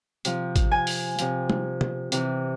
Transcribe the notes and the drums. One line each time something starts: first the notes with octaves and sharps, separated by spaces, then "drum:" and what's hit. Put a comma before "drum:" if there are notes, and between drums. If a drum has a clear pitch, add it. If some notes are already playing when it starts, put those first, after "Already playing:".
C3 F3, drum: hi-hat
drum: kick, hi-hat
G#5
drum: open hi-hat
C3 F3, drum: hi-hat
drum: tom
drum: tom
C3 E3, drum: hi-hat